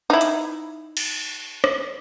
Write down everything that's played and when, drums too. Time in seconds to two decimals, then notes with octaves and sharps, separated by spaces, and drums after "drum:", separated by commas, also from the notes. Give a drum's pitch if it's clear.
0.10 D#4 E4
0.21 drum: hi-hat
0.97 drum: cymbal
1.64 drum: rim click